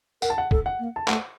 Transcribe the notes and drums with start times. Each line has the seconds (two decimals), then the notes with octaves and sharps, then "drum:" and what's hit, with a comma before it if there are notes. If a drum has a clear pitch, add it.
0.22 A#4 F#5, drum: tambourine
0.30 A5
0.38 F#5
0.51 A4, drum: kick
0.66 F#5
0.79 A#3
0.96 A5
1.08 A3 F#5, drum: clap